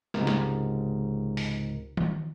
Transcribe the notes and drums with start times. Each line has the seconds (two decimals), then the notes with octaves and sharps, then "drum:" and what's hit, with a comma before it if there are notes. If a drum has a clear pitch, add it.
0.14 C#2 G#2 C3 A#4, drum: snare
0.27 drum: snare
1.37 drum: open hi-hat
1.97 drum: tom D#3